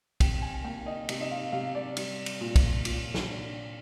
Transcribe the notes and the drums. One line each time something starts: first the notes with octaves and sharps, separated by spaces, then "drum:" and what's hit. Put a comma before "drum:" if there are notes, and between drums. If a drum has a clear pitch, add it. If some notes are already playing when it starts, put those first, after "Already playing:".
C3 G5, drum: kick, cymbal
G#5
A#3 G5
D#5
C3 D#5, drum: cymbal
D#5
F5
C3 F5
D5
G3, drum: cymbal
drum: cymbal
A#2
drum: kick, cymbal
A#2, drum: cymbal
drum: snare
D4